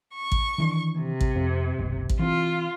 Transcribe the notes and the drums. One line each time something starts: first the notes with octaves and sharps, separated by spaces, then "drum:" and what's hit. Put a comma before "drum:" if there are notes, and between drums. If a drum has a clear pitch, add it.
C#6
drum: kick
D#3 E3 D4
C3
drum: kick
F2 C4
F#1 B1
drum: kick
E3 C4 F4